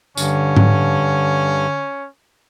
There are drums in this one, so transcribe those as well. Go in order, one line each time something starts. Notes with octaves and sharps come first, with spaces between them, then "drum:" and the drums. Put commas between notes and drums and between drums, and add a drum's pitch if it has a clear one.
G2 D3 C#4, drum: tambourine
drum: tom G#2